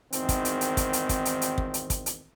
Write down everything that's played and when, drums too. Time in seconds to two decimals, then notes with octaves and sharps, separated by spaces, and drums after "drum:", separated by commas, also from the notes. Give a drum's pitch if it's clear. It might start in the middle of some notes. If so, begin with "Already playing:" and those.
0.13 G#1 E2 D#3 C4, drum: hi-hat
0.29 drum: kick, hi-hat
0.45 drum: hi-hat
0.61 drum: hi-hat
0.77 drum: kick, hi-hat
0.93 drum: hi-hat
1.09 drum: kick, hi-hat
1.25 drum: hi-hat
1.42 drum: hi-hat
1.58 drum: kick
1.74 drum: hi-hat
1.90 drum: kick, hi-hat
2.06 drum: hi-hat